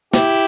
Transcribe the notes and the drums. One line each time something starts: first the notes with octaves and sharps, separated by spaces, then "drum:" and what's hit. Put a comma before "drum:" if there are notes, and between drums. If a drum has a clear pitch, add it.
E4 G4, drum: snare